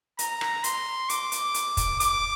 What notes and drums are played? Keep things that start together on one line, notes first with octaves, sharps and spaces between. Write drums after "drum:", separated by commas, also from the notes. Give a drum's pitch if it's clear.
A#5, drum: hi-hat
drum: rim click
C6, drum: hi-hat
D6, drum: hi-hat
drum: hi-hat
drum: hi-hat
drum: kick, hi-hat
D6, drum: hi-hat